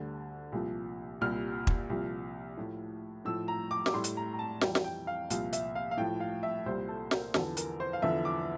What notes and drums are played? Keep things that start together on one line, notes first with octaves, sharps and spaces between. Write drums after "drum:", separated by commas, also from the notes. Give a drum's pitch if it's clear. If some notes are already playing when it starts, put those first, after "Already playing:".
Already playing: D2 D3 G3
C2 A#2 F3
C2 A#2 G3 F6
drum: kick
C2 A#2 F3
A2 F3
A2 F3 E6
A#5
D6
D6, drum: snare
A2 G3 C6
drum: hi-hat
A#5
A#5
A5
F2 E3 G3 G5, drum: snare
drum: snare
G5
F5
C2 A#2 F3 F5, drum: hi-hat
E5, drum: hi-hat
F5
F5
A2 F3 G5
F5
E5
C2 A#2 G3 C5
A4
A#4, drum: snare
E2 D3 F3 A4, drum: snare
A#4, drum: hi-hat
C5
F5
E2 D3 F3 E5
D6